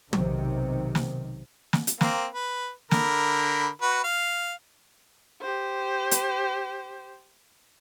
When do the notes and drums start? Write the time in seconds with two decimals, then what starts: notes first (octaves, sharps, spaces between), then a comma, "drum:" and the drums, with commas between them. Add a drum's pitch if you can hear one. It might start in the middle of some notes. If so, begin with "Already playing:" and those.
0.13 B1 C3 D#3, drum: tom
0.95 drum: snare
1.73 drum: snare
1.87 drum: hi-hat
2.01 A#3 C4, drum: snare
2.33 B4
2.91 D3 A#4 B5, drum: snare
3.82 F#4 B4
4.04 F5
5.41 G4 C5
6.11 drum: hi-hat